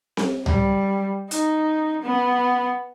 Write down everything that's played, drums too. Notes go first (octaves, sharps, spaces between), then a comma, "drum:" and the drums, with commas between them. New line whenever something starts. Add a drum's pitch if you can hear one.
drum: snare C4
G3, drum: tom C#2
D#4, drum: hi-hat
B3